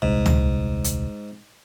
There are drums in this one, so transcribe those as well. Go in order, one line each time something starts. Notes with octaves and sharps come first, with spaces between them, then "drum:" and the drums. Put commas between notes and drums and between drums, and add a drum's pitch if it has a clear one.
D#1 C2 G#2
drum: tom
drum: hi-hat